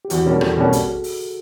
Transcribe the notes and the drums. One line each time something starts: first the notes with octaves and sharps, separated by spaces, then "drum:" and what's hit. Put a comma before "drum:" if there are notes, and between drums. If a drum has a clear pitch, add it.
G4
E2 F#4, drum: hi-hat
B2 G3 A#3 C#4 G#4
E2 A4, drum: rim click
B2 G3 A#3 C#4
drum: kick, hi-hat
drum: open hi-hat